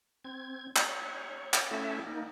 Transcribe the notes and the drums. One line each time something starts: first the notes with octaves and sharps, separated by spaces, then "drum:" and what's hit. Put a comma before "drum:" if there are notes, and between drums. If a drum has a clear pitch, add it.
C4 G#6
C#5, drum: clap
drum: clap
A3 C#4 E4 A4 E5
A#3 D#4